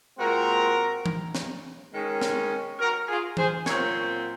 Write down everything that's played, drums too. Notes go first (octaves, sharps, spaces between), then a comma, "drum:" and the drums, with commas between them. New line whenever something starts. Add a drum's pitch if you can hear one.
A#2 G#3 C4 F#4 A#4
drum: tom E3
drum: snare
D#3 G#3 C#4
drum: snare
F#4 A#4
F4 G#4
G#4 C5, drum: tom E3
A#2 F#3 C4 A#4 C#5, drum: snare